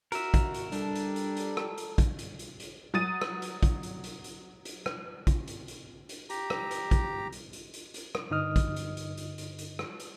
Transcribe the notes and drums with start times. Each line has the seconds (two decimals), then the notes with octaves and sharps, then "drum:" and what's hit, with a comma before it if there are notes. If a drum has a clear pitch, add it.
0.12 F#4 A#4 E5, drum: hi-hat
0.34 drum: kick, hi-hat
0.54 drum: hi-hat
0.72 G3 D4 A4, drum: hi-hat
0.95 drum: hi-hat
1.16 drum: hi-hat
1.37 drum: hi-hat
1.57 drum: rim click
1.78 drum: hi-hat
1.98 drum: kick, hi-hat
2.19 drum: hi-hat
2.39 drum: hi-hat
2.60 drum: hi-hat
2.94 F#3 D#6 A6 D#7
3.21 drum: rim click
3.42 drum: hi-hat
3.63 drum: kick, hi-hat
3.83 drum: hi-hat
4.04 drum: hi-hat
4.24 drum: hi-hat
4.65 drum: hi-hat
4.86 drum: rim click
5.27 drum: kick, hi-hat
5.48 drum: hi-hat
5.68 drum: hi-hat
6.09 drum: hi-hat
6.30 G4 A#5, drum: hi-hat
6.50 drum: rim click
6.71 drum: hi-hat
6.91 drum: kick, hi-hat
7.32 drum: hi-hat
7.53 drum: hi-hat
7.74 drum: hi-hat
7.94 drum: hi-hat
8.15 drum: rim click
8.30 G2 D3 D#4 D#5 D#6 F6
8.56 drum: kick, hi-hat
8.76 drum: hi-hat
8.97 drum: hi-hat
9.17 drum: hi-hat
9.38 drum: hi-hat
9.59 drum: hi-hat
9.79 drum: rim click
10.00 drum: hi-hat